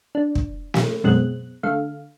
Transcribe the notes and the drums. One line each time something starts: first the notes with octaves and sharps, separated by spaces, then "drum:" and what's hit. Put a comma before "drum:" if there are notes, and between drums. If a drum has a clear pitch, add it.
D4
drum: kick
drum: snare
F#2 B2 G#3 C4 F#6
D3 A3 F5